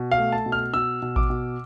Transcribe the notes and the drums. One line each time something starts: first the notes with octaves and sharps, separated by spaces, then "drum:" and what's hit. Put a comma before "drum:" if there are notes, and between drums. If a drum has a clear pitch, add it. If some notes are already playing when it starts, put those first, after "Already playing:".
Already playing: B2
F5
A3
A5
B2
F6
B2 E6
B2
D6, drum: kick A1
B2